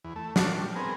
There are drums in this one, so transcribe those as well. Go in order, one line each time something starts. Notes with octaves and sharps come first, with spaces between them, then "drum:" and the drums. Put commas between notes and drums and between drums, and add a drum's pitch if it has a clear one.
E2
A3
F4 F#4 A4 C#5 D5, drum: snare
G3
B3 C4 G#4 A#4